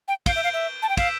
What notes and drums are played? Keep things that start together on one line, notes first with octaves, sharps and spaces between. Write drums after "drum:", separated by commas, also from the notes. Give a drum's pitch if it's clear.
G5
F5 G6 D7 G7, drum: kick, cymbal
E5
F5
E5
A5
G5
F5 E6 B6 E7, drum: kick, cymbal